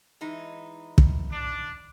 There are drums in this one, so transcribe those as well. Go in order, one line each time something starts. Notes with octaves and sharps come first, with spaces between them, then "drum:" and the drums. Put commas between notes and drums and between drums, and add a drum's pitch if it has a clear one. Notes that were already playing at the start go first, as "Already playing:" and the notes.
E3 G#3 D#4
drum: kick
D4